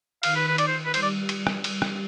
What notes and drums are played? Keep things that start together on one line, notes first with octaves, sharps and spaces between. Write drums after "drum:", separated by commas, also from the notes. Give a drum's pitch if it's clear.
D#3 F5, drum: cymbal
B4
B4
D5, drum: cymbal
C5
B4
G3 C5, drum: cymbal
D5
drum: cymbal
drum: rim click
drum: cymbal
drum: rim click